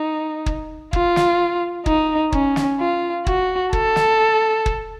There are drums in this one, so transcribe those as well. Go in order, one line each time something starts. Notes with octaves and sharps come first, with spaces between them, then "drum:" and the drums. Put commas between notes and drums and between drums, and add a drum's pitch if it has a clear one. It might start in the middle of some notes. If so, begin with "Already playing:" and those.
Already playing: D#4
drum: kick
F4, drum: kick
drum: snare
D#4, drum: kick
C#4, drum: kick
drum: snare
F4
F#4, drum: kick
A4, drum: kick
drum: snare
drum: kick